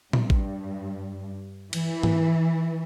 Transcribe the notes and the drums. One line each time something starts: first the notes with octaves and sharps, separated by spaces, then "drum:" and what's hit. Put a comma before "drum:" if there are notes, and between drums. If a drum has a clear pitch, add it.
G2, drum: tom A#2
drum: kick A1
E3, drum: cymbal
drum: tom